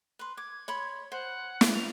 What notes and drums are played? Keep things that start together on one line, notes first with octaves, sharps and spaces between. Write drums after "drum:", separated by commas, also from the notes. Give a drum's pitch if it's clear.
B4 C6
D6 G#6
C#5 B5 C6
C5 F#5
drum: snare
F7